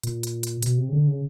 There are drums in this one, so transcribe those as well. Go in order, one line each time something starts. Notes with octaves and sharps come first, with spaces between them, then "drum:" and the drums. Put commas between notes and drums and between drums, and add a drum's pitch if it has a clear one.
A#2, drum: hi-hat
drum: hi-hat
drum: hi-hat
B2, drum: hi-hat
C3
C#3
D3
C#3